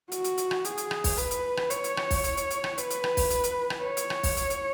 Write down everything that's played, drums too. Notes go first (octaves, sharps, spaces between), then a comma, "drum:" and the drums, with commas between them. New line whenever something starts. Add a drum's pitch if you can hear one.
F#4, drum: hi-hat
drum: hi-hat
drum: hi-hat
drum: rim click
G#4, drum: hi-hat
drum: hi-hat
drum: rim click
drum: kick, open hi-hat
B4, drum: hi-hat
drum: hi-hat
drum: rim click
C#5, drum: hi-hat
drum: hi-hat
drum: rim click
drum: kick, open hi-hat
drum: hi-hat
drum: hi-hat
drum: hi-hat
drum: rim click
B4, drum: hi-hat
drum: hi-hat
drum: rim click
drum: kick, open hi-hat
drum: hi-hat
drum: hi-hat
drum: rim click
C#5
drum: hi-hat
drum: rim click
drum: kick, open hi-hat
drum: hi-hat
drum: hi-hat